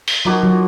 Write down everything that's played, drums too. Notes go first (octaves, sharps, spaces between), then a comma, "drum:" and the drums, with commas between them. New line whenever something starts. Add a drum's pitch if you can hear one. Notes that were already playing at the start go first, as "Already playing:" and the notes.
drum: open hi-hat
F3 F#3 A#3 D#4 F#4
F#3